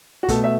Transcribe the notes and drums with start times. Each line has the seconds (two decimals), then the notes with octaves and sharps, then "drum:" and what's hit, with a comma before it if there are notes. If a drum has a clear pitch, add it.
0.23 F#4
0.28 B2 A3 A4, drum: kick, hi-hat
0.44 E5